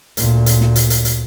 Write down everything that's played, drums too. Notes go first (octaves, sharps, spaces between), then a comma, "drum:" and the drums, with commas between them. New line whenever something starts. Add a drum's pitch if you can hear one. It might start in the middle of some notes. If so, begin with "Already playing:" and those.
D2 A#2, drum: hi-hat
drum: hi-hat
drum: snare
drum: hi-hat
drum: hi-hat
drum: hi-hat